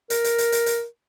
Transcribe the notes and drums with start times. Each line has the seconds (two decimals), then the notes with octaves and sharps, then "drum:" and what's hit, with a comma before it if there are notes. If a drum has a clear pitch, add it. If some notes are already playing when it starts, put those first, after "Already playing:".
0.10 A#4, drum: hi-hat
0.24 drum: hi-hat
0.38 drum: hi-hat
0.52 drum: hi-hat
0.66 drum: hi-hat